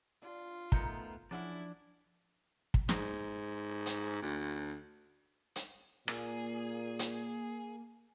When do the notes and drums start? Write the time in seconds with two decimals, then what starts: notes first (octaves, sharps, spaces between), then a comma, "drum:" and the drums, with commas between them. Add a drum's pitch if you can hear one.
0.22 D4 F4
0.72 A3 B3 D#4 A#4 B4 A#5 G6 C#7, drum: kick
1.31 F3 C#4 D4 E4 G#4 D5 F#5
2.74 drum: kick
2.89 G#2, drum: snare
3.86 drum: hi-hat
4.22 D2
5.56 drum: hi-hat
6.08 A#2 A#3 G#4, drum: rim click
6.99 drum: hi-hat